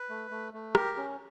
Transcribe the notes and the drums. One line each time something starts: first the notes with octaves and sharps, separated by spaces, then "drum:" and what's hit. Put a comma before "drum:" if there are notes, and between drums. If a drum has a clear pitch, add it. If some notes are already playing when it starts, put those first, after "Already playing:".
Already playing: B4
A3
A3
A3
G4 A#4, drum: rim click
C#4